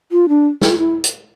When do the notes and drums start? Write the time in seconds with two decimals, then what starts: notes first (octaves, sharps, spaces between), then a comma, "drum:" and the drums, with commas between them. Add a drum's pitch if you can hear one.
0.12 F4
0.29 D4
0.61 E4, drum: snare
0.70 F4
0.78 E4
1.04 drum: hi-hat